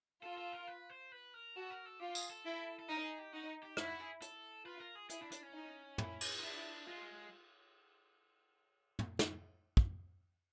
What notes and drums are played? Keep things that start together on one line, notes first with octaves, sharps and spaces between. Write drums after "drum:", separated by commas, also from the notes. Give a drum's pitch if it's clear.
F4 A4
A4
A#4
B4
C5
B4
A#4
F#4 A4
A#4
A4
F4 G4
G#4, drum: tambourine
A4
E4
A4
D#4 A#4
G#4
G4
D#4 F#4
G4
E4 F#4, drum: rim click
F#4
G#4
A4, drum: hi-hat
F4 B4
A#4
G#4
E4 G#4, drum: hi-hat
D4
D4, drum: hi-hat
C#4
D#4
E4, drum: tom
drum: cymbal
D#4
D4 E4
G#3 F4
drum: tom
drum: snare
drum: kick